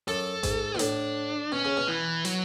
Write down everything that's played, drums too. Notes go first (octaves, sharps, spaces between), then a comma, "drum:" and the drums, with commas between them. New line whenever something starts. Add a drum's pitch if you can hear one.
F#2 A4, drum: open hi-hat
G#2, drum: kick A1, hi-hat
B2
A2 D4, drum: hi-hat
B2 C#4
C#3
B2
E3
F#3, drum: hi-hat